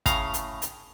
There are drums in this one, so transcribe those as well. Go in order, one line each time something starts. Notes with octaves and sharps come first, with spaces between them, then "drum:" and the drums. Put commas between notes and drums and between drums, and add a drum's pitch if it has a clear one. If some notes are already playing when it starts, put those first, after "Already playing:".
A2 C#3 F5 A#5, drum: kick, hi-hat
drum: hi-hat
drum: hi-hat